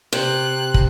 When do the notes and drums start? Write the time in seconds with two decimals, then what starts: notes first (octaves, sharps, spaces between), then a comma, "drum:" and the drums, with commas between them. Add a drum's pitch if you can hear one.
0.13 C3 F#6
0.74 drum: kick